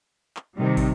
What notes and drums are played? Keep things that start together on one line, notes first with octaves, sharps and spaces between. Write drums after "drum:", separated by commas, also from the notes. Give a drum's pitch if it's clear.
drum: clap
C3 D#3 G3
drum: kick, open hi-hat